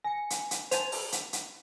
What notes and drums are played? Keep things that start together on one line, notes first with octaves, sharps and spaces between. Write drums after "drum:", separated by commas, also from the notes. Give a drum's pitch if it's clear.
G#5 A#6 C#7
drum: hi-hat
drum: hi-hat
C5 G#5 A5 F7, drum: hi-hat
drum: open hi-hat
drum: hi-hat
drum: hi-hat